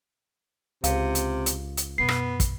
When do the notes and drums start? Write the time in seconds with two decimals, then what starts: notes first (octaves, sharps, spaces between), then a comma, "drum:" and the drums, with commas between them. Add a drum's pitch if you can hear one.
0.84 C#2 C3 F5, drum: hi-hat
1.15 drum: hi-hat
1.46 drum: hi-hat
1.77 drum: hi-hat
1.98 F#2 B2 B3 C7
2.08 drum: rim click
2.40 drum: kick, hi-hat